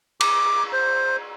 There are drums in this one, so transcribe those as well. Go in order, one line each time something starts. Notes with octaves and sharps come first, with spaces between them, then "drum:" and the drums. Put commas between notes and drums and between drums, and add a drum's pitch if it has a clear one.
D6, drum: cymbal
C5